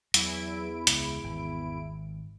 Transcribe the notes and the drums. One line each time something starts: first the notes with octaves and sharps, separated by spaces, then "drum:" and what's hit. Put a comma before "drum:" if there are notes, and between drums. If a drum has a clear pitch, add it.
E2 F#3 E4 D7, drum: hi-hat
C#2, drum: hi-hat
G#1